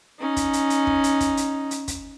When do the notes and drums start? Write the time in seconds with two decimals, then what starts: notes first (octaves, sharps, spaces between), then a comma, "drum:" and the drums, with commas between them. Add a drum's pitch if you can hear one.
0.20 C#4 D#4
0.36 drum: kick, hi-hat
0.53 drum: hi-hat
0.70 drum: hi-hat
0.87 drum: kick
1.04 drum: hi-hat
1.20 drum: kick, hi-hat
1.37 drum: hi-hat
1.71 drum: hi-hat
1.88 drum: kick, hi-hat